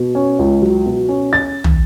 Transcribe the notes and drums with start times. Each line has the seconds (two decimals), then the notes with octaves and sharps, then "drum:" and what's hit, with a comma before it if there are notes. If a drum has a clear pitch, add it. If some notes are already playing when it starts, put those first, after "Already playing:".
Already playing: B2
0.15 C#4
0.39 C#2
0.62 F#3
0.86 B2
1.09 C#4
1.33 A6
1.64 drum: tom